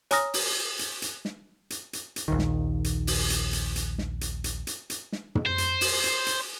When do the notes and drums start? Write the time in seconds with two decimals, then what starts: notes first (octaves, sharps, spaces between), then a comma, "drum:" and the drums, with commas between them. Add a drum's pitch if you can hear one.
0.11 C#5 G#5 A#5 D#6 F6 A#6, drum: hi-hat
0.34 drum: open hi-hat
0.79 drum: hi-hat
1.02 drum: hi-hat
1.25 drum: snare
1.70 drum: hi-hat
1.93 drum: hi-hat
2.16 drum: hi-hat
2.28 A#1 D#2 D#3
2.39 drum: snare
2.84 drum: hi-hat
3.07 drum: open hi-hat
3.30 drum: hi-hat
3.53 drum: hi-hat
3.76 drum: hi-hat
3.98 drum: snare
4.21 drum: hi-hat
4.44 drum: hi-hat
4.67 drum: hi-hat
4.90 drum: hi-hat
5.12 drum: snare
5.35 drum: tom
5.46 C5
5.58 drum: hi-hat
5.81 drum: open hi-hat
6.04 drum: hi-hat
6.26 drum: hi-hat